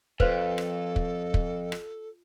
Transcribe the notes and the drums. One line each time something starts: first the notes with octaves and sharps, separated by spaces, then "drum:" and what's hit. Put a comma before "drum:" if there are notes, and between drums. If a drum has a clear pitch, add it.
F2 F4 A4 B4 C5 F5 G5, drum: kick
drum: rim click
drum: kick
drum: kick
drum: rim click